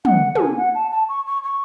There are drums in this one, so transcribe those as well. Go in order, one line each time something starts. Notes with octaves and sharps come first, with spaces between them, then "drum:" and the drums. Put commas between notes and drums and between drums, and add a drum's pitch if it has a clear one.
F#5, drum: tom
A5, drum: tom
G#5
F#5
A5
A5
C#6
C#6
C#6